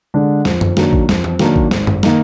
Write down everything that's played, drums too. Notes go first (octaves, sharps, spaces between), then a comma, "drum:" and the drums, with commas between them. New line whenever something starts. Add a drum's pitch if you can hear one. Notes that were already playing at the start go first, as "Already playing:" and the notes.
D3 G#3 D4
F2, drum: snare
drum: tom F#2
D#3 F#3 A#3 D4, drum: snare
drum: kick A1
F2, drum: snare
drum: tom E3
D#3 F#3 A#3 D4, drum: snare
drum: kick A1
G#1, drum: snare
drum: tom F#2
D#3 A#3 D#4, drum: snare